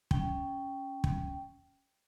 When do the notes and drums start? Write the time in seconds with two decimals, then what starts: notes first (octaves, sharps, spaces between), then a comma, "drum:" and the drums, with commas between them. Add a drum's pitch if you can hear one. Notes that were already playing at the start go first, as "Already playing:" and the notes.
0.11 C#4 G5, drum: kick
1.04 drum: kick